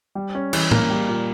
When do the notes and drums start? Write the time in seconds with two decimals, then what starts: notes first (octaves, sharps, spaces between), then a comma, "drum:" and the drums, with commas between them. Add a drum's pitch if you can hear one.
0.15 G3
0.35 C#4
0.53 E3, drum: cymbal
0.71 A#3, drum: tom A2
0.90 G3
1.08 A#2